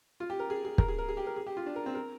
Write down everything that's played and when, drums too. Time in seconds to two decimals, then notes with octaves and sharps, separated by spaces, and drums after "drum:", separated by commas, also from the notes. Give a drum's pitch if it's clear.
0.20 F4
0.30 G4
0.39 A#4
0.50 G#4
0.65 G#4
0.78 A#4, drum: kick
0.88 G#4
0.98 A#4
1.09 G#4
1.17 G4
1.27 A#4
1.36 G#4
1.47 G4
1.57 F4
1.66 D4
1.76 A#4
1.86 C4
1.95 A#4